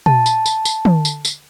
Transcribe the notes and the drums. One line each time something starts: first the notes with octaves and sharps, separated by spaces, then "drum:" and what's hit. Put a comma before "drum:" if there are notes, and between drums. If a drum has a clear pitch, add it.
A5, drum: tom
drum: tambourine
drum: tambourine
drum: tambourine
drum: tom
drum: tambourine
drum: tambourine